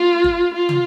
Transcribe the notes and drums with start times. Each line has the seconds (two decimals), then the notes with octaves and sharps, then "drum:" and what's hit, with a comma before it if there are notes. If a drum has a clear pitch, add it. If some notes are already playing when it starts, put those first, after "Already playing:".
Already playing: F4
0.24 drum: kick G1
0.54 F4
0.69 drum: tom